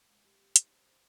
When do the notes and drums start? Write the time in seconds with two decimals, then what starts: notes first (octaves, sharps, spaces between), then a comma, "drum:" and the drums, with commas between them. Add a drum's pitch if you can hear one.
0.09 G#3
0.25 G4
0.40 G4
0.56 D#4, drum: hi-hat
0.71 C5
0.87 C5